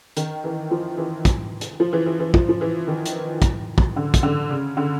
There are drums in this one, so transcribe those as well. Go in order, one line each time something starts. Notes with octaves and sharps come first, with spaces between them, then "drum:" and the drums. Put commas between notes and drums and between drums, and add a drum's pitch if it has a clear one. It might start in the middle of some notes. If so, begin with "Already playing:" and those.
D#3, drum: hi-hat
E3
F3
E3
drum: kick, hi-hat
drum: hi-hat
F3
E3
E3
E3
F3, drum: kick
F3
E3
D#3
drum: hi-hat
drum: kick, hi-hat
drum: kick
D3
drum: kick, hi-hat
D3
C#3
D3